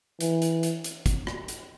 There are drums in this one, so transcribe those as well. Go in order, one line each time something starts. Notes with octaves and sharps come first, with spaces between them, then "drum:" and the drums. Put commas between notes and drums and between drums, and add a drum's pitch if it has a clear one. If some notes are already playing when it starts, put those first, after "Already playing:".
E3, drum: hi-hat
drum: hi-hat
drum: hi-hat
drum: hi-hat
drum: kick, hi-hat
drum: rim click
drum: hi-hat